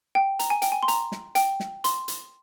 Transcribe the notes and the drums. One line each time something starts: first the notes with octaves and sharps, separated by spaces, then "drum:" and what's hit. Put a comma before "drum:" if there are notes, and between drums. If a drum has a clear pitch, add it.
G5
A#5, drum: hi-hat
G#5
G5, drum: hi-hat
G#5
C6
A#5, drum: hi-hat
drum: snare
G5, drum: hi-hat
drum: snare
C6, drum: hi-hat
drum: hi-hat